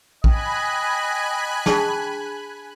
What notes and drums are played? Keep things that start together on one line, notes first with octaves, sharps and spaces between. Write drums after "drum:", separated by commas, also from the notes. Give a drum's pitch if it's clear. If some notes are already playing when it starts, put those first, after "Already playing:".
D#5 G5 G#5 B5 F#6, drum: kick A#1
D4 G#4 A5, drum: snare